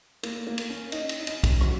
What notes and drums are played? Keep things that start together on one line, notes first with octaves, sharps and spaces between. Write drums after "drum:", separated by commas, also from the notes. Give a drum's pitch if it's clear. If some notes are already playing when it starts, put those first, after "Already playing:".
A#3, drum: cymbal
A#3
drum: cymbal
C#4
D#4, drum: cymbal
drum: cymbal
D#4
C#4, drum: cymbal
drum: kick B1, cymbal
F#3, drum: rim click